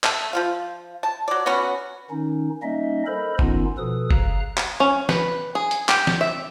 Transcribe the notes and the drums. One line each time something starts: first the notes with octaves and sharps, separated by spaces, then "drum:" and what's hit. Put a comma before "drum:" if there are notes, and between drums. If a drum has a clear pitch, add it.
A3 A4, drum: clap
F3 F4 F5
A5
F#3 D5
F#3 B3 C#4 F#4
D#3 C#4 D#4
G3 A#3 C#4 D#4 D#5 E5
A4 A#4 C5 D#5 B5
D#3 B3 C#4 D#4 F4, drum: kick F#1
B2 F3 A4 B4 D#6
C#3 F5 A#5 F#6, drum: kick F#1
drum: clap
C#4
B4, drum: snare
G#4
drum: hi-hat
G4, drum: clap
drum: snare
E5